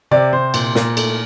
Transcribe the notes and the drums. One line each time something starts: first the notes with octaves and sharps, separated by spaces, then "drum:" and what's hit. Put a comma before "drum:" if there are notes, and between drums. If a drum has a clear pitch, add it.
C3 D5
C3 C5
A#2, drum: cymbal
A#2, drum: snare
A3, drum: cymbal